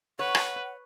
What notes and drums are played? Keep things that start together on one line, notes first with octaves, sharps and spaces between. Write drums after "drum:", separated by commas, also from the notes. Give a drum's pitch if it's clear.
B4 C#5 F#5
drum: rim click